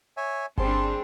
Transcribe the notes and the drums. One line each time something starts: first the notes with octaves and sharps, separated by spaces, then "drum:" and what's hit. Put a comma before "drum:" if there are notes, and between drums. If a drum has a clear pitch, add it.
C#5 E5 G#5
G3 C4 D4 G#4 C5 A5 C6, drum: kick G1